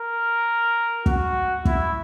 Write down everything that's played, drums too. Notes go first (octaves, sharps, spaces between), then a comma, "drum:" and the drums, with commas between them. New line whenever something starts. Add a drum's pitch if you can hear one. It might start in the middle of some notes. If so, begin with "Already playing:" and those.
Already playing: A#4
F#4, drum: kick
E4, drum: kick